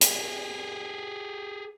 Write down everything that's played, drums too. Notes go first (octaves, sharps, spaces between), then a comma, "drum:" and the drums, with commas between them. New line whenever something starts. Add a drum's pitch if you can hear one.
G4 G#4, drum: hi-hat